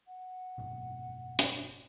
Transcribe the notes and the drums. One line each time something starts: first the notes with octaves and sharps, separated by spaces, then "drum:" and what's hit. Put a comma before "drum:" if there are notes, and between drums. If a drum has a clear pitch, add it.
F#5
F#1 G#2 B2
drum: hi-hat